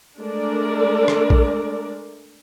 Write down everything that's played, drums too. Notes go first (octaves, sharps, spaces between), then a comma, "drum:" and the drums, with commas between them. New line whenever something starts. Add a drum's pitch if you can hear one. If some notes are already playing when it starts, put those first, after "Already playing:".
G#3 A3 D4 A#4 D5
drum: rim click
drum: kick